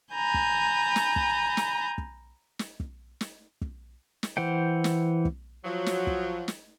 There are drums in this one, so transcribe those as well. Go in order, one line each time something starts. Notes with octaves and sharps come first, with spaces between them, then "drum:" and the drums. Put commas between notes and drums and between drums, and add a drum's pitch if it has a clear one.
G#5 A#5 B5 G6
drum: kick
drum: snare
drum: kick
drum: snare
drum: kick
drum: snare
drum: kick
drum: snare
drum: kick
drum: snare
E3 C5 F#5 G5
drum: snare
drum: kick
F3 F#3
drum: snare
drum: kick
drum: snare